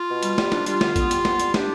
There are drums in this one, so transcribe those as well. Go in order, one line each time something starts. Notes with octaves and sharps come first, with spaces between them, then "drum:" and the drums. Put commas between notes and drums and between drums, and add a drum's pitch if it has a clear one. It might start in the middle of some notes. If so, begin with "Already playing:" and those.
Already playing: F4
B2
G3, drum: hi-hat
G3, drum: snare
D4, drum: snare
G3 F4, drum: hi-hat
D3, drum: snare
B3, drum: kick, hi-hat
G3, drum: hi-hat
B3, drum: snare
G3, drum: hi-hat
D4 G4, drum: snare